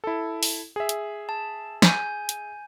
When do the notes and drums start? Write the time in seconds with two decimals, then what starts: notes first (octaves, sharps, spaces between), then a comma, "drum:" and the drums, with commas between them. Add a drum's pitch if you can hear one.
0.04 E4 A4
0.43 drum: open hi-hat
0.76 G#4 E5
0.89 drum: hi-hat
1.29 A5
1.82 G#5 G6, drum: snare
2.29 drum: hi-hat